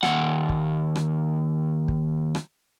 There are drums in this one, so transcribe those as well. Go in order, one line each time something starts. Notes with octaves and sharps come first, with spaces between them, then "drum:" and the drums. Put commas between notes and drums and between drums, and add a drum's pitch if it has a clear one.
D#2 F#5, drum: rim click
drum: kick
drum: rim click
drum: kick
drum: rim click